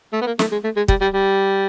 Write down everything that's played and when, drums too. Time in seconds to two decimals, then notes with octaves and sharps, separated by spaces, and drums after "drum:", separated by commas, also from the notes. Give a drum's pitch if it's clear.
0.13 A3
0.21 B3
0.26 A#3
0.39 A3, drum: snare
0.52 G#3
0.64 A3
0.76 G#3
0.88 G3, drum: kick
1.01 G3
1.14 G3